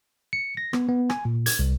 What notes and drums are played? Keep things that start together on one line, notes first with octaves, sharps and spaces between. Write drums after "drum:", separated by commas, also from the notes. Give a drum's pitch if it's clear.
C#7
A#6
B3, drum: rim click
B3
G#5, drum: rim click
A#2
G#6, drum: hi-hat
C2